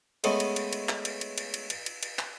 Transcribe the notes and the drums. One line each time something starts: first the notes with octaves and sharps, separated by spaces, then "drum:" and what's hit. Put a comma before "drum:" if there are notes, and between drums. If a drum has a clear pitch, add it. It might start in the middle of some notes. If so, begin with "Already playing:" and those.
G#3 A3 B3 C#4 G#4, drum: cymbal
drum: cymbal
drum: cymbal
drum: cymbal
drum: clap
drum: cymbal
drum: cymbal
drum: cymbal
drum: cymbal
drum: cymbal
drum: cymbal
drum: cymbal
drum: clap